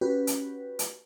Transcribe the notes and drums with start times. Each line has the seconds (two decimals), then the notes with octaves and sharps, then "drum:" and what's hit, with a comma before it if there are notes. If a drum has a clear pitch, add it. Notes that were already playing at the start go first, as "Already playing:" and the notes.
0.01 C#4 F#4 G4 B4
0.27 drum: hi-hat
0.79 drum: hi-hat